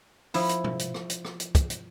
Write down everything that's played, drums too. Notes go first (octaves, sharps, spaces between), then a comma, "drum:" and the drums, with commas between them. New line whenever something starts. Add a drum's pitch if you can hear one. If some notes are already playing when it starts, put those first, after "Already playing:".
F3 E4, drum: open hi-hat
drum: hi-hat
drum: tom
drum: hi-hat
drum: rim click
drum: hi-hat
drum: rim click
drum: hi-hat
drum: kick, hi-hat
drum: hi-hat